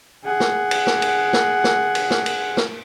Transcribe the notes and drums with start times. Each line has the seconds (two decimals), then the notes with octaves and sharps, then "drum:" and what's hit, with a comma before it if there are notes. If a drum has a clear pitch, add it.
0.25 G#4 F#5
0.40 drum: snare
0.71 drum: cymbal
0.87 drum: snare
1.02 drum: cymbal
1.33 drum: snare
1.64 drum: snare
1.95 drum: cymbal
2.10 drum: snare
2.26 drum: cymbal
2.57 drum: snare